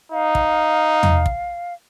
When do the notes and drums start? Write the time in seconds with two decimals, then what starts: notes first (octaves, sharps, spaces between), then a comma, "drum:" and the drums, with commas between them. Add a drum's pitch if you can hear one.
0.12 D#4 F5
0.35 drum: kick
1.03 drum: tom
1.26 drum: kick